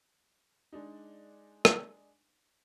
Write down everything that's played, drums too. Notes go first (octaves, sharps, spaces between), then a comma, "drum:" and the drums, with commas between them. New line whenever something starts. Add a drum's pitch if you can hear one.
G#3 D4 D#4
drum: rim click